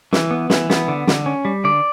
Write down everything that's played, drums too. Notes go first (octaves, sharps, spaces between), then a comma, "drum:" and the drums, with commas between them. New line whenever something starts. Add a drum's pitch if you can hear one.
E3, drum: snare
B3
E3, drum: snare
B3, drum: snare
D3
D3, drum: snare
C#4
G3
D3 D5